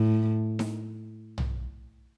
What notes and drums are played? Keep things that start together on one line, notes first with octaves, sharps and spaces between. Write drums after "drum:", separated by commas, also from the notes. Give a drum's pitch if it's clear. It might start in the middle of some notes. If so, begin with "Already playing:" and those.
Already playing: A2
drum: snare D#4
drum: tom